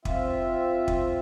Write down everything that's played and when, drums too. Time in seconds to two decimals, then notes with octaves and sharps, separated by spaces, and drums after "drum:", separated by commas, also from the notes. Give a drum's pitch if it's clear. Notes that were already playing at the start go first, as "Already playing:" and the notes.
0.05 C4 F4 E5, drum: kick
0.88 drum: kick